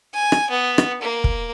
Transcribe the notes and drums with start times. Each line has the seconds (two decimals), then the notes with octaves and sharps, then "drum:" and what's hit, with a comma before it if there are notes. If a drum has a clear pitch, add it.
0.14 G#5
0.32 drum: rim click
0.50 B3
0.78 drum: rim click
1.01 A#3
1.24 drum: kick